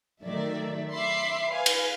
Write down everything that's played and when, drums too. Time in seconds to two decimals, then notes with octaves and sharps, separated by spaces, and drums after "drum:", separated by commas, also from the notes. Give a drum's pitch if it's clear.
0.24 D#3 F#3 A3 D5 E5
0.92 E5 B5 C6 D6 C7
1.49 B4 F5 G#5
1.66 drum: cymbal